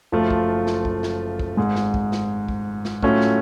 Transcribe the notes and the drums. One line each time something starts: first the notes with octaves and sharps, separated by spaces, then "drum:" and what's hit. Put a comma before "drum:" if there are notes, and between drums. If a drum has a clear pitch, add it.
F#1 F#2 F3 A3 F4
drum: kick
drum: snare
drum: kick
drum: snare
drum: kick
G#1 G#2 G#3
drum: snare
drum: kick
drum: snare
drum: kick
drum: snare
A2 F#3 A3 C#4 F4, drum: kick
drum: snare